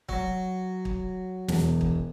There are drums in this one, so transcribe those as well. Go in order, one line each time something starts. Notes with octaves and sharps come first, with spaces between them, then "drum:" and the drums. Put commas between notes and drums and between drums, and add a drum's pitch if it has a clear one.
F#3, drum: kick
drum: kick
E1, drum: snare
drum: kick